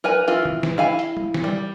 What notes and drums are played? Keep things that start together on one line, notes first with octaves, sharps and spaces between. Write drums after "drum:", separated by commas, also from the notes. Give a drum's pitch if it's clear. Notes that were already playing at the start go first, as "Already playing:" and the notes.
A#4 B4 G#5
E3 F4, drum: hi-hat
drum: tom
drum: snare
E4 F5 G#5
drum: hi-hat
drum: tom
drum: snare
G3